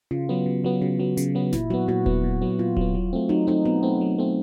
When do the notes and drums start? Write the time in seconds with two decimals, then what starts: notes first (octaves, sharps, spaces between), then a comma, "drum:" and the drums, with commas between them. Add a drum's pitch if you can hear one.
0.11 C#3 F4
0.29 F#3 B3
0.46 C#3
0.64 F#3 B3
0.81 C#3 F#4
0.99 F#3 B3
1.17 C#3, drum: hi-hat
1.35 F#3 B3
1.53 A#2 E4, drum: snare F#1
1.70 F#3 B3 F#4
1.88 A#2 F#4
2.06 F#3 B3, drum: kick D#1
2.24 A#2
2.42 F#3 B3
2.59 A#2 F4
2.77 F#3 B3, drum: kick D#1
2.95 F#3
3.13 A3 C4
3.29 F#3 D#4
3.47 A3 C4 D#4
3.65 F#3 B3
3.83 A3 C4
4.01 F#3
4.18 A3 C4